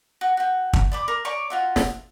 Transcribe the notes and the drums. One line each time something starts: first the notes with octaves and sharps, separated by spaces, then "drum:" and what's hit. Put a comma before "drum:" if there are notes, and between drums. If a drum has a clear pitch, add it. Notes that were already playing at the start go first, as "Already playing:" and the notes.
F#4
F#4 G5
drum: kick
D5 B5 D6
A#4
C#5 D5 A#5 C#6
F4 F#4 E5
drum: snare